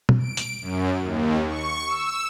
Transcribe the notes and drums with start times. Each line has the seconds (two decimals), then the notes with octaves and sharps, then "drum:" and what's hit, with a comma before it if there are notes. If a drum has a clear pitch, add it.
0.09 drum: tom B2
0.18 D7
0.37 drum: tambourine
0.61 F#2
1.02 D#2
1.47 C#6
1.86 E6